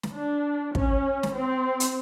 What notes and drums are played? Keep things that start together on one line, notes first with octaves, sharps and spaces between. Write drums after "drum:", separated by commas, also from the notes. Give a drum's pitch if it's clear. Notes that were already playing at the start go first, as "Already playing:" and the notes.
drum: snare
D4
C#4, drum: kick
drum: snare
C4
drum: hi-hat